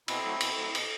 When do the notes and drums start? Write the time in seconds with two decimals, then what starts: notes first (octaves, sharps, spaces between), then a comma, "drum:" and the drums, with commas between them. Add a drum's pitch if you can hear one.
0.08 B2 C4 E4, drum: cymbal
0.24 F#3 A3
0.41 B2, drum: cymbal
0.58 F#3 A3
0.75 B2, drum: cymbal